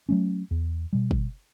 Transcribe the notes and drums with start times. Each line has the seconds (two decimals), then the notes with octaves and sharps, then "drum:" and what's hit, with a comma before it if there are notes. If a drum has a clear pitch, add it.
0.09 F#3 A3 C#4
0.51 E2
0.93 B2 G3
1.11 drum: kick